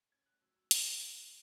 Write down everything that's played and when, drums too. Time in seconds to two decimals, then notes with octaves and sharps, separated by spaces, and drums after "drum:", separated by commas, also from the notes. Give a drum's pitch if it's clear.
0.12 C#4 G#6
0.26 F#6
0.42 F#3 E6
0.56 E6
0.71 F#3 E6, drum: hi-hat
0.85 F#6
1.00 F#3 G#6
1.15 F#6